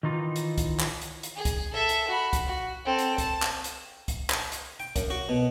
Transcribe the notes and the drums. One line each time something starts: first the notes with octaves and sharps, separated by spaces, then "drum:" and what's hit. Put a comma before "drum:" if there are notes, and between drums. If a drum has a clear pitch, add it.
D#3 E3 D#4 F4
drum: hi-hat
drum: kick, hi-hat
drum: clap
drum: hi-hat
drum: hi-hat
G#4
drum: kick, hi-hat
A4 E5
drum: hi-hat
F#4 B5
drum: kick, hi-hat
F#4
C4 A4
drum: hi-hat
A5, drum: kick, hi-hat
drum: clap
drum: hi-hat
drum: kick, hi-hat
drum: clap
drum: hi-hat
G5
F#2, drum: kick, hi-hat
F#4
B2